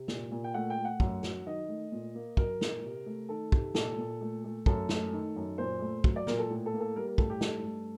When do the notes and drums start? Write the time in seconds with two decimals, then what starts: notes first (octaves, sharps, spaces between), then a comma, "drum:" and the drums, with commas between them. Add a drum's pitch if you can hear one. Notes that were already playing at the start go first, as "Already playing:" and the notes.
Already playing: C3
0.08 A#2, drum: snare
0.31 A#2
0.44 G5
0.54 A3 F#5
0.70 G5
0.78 A3
0.85 F#5
1.00 F#2, drum: kick
1.23 F#3, drum: snare
1.47 D#3 D#5
1.68 A3
1.92 A#2
2.15 A#3
2.37 F#3 A#4, drum: kick
2.61 A#2, drum: snare
2.84 C3
3.06 A3
3.29 D#3 A4
3.52 C3, drum: kick
3.75 A#2 A4, drum: snare
3.98 A#2
4.21 A3
4.44 A3
4.66 F#2 A4, drum: kick
4.89 A3, drum: snare
5.13 D#3
5.36 F#2
5.58 A#2 C5
5.81 A3
6.04 F#3, drum: kick
6.16 D5
6.27 A#2 A#4, drum: snare
6.39 A4
6.50 A2
6.66 A4
6.73 A#3
6.80 A4
6.96 G3 A#4
7.07 A#4
7.18 A2 A4, drum: kick
7.30 G4
7.41 G2 A4, drum: snare
7.64 A3